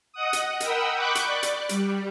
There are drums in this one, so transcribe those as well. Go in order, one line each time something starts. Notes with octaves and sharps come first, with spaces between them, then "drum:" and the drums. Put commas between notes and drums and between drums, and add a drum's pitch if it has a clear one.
D#5 F#5 D#6
drum: hi-hat
A#4 F#5 G5 B5 D#6 E6, drum: hi-hat
B5 C#6 D6 F#6 G6
drum: hi-hat
D5
drum: hi-hat
G3, drum: hi-hat